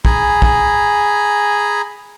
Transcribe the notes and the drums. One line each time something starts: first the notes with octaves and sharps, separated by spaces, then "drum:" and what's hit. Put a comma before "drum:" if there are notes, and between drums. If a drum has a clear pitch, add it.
G#4 G#5 A#5 B5, drum: kick
drum: kick